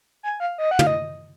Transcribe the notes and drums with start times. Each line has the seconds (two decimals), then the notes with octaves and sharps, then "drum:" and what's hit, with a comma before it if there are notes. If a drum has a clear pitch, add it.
0.23 G#5
0.40 F5
0.58 D#5
0.71 F#5
0.79 F5, drum: tom
0.87 D#5